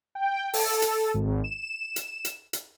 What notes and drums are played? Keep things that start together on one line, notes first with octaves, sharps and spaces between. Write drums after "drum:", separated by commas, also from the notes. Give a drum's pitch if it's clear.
G5
A4, drum: open hi-hat
drum: hi-hat
G#1
E7
drum: hi-hat
drum: hi-hat
drum: hi-hat